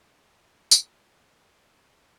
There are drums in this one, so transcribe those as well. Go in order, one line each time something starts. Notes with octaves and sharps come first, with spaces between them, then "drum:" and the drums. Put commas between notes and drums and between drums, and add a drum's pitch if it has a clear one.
A2 C3 D#3
drum: tambourine